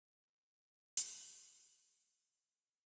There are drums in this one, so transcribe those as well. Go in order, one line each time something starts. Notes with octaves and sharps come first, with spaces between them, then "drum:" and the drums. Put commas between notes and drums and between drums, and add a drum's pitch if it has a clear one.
C4 A#5
drum: hi-hat